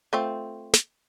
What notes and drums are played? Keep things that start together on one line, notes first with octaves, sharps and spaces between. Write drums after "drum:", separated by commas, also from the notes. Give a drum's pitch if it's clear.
A3 C4 F4
drum: snare